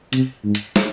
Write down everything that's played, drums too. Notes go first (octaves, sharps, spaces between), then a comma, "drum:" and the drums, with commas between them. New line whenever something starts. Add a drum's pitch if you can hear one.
C3, drum: hi-hat
G#2
drum: hi-hat
drum: snare